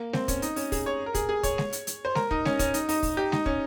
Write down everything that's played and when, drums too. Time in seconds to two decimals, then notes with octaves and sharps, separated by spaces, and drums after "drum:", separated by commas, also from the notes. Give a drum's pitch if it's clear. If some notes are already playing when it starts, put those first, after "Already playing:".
Already playing: A#3
0.13 C4, drum: snare G#3
0.28 C#4, drum: kick, hi-hat
0.42 D#4, drum: hi-hat
0.56 C#4, drum: open hi-hat
0.72 G#4, drum: kick, open hi-hat
0.86 C#5
1.06 A#4
1.15 G#4, drum: kick, hi-hat
1.29 G#4
1.43 C#5, drum: kick, hi-hat
1.58 drum: snare G#3
1.73 drum: hi-hat
1.87 drum: hi-hat
2.05 C5
2.15 A#4, drum: snare G#3
2.31 D#4, drum: kick
2.45 C#4, drum: snare G#3
2.59 C#4, drum: kick, hi-hat
2.74 D#4, drum: hi-hat
2.89 D#4, drum: open hi-hat
3.03 drum: kick, open hi-hat
3.17 G4
3.32 D#4, drum: snare G#3
3.46 C#4, drum: kick